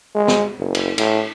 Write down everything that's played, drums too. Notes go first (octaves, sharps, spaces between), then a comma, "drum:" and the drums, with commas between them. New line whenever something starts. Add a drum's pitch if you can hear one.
G#3
drum: snare
F#1
drum: cymbal
A2, drum: cymbal